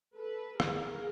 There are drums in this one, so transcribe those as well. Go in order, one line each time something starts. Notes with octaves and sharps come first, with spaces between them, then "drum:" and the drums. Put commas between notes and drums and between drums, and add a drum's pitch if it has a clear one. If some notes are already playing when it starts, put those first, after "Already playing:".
A4 B4
G#4 A#4, drum: rim click